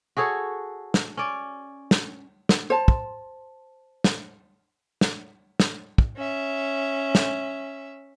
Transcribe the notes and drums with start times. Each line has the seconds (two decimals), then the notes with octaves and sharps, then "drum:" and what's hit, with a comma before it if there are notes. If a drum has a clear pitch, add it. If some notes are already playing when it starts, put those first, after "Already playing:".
0.17 F#4 G#4 A4 C#5
0.94 drum: snare
1.17 C#4 D5
1.91 drum: snare
2.49 drum: snare
2.70 C5 A5
2.88 drum: kick
4.04 drum: snare
5.01 drum: snare
5.60 drum: snare
5.98 drum: kick
6.16 C#4 E5
7.15 drum: snare